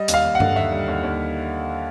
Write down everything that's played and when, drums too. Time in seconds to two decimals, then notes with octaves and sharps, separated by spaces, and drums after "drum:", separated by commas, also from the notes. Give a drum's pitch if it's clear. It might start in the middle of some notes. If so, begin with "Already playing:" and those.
Already playing: G3 D#5
0.08 D#2, drum: hi-hat
0.14 F5
0.24 D#2
0.35 F#5
0.40 D3, drum: tom G2
0.56 D#2 E5
0.72 G3
0.88 D#2
1.03 D#2